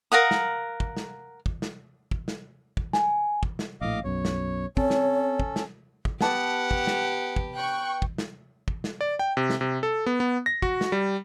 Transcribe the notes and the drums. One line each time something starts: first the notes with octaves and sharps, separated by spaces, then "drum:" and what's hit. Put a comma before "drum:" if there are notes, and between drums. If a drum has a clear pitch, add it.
A#4 F5 F#5 D#6
drum: snare
drum: kick
drum: snare
drum: kick
drum: snare
drum: kick
drum: snare
drum: kick
G#5, drum: snare
drum: kick
drum: snare
A#1 A2 D#5 F5 D6
B1 F#2 B2 C#5
drum: snare
C4 C#4 A4 C#5, drum: kick
drum: snare
drum: kick
drum: snare
drum: kick
B3 G4 F#5 A5 D6, drum: snare
drum: kick
drum: snare
drum: kick
G5 C#6 F#6
drum: kick
drum: snare
drum: kick
drum: snare
D5
G5
C3
drum: snare
C3
A4
B3
B3
A#6
F#4, drum: kick
drum: snare
G3